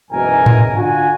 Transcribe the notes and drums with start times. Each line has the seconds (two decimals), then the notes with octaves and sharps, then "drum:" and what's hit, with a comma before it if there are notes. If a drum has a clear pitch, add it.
0.11 F#1 G#2 B2 E3 A#4 G#5
0.46 drum: tom G#2
0.75 D3 D4 F4 F#4 G#5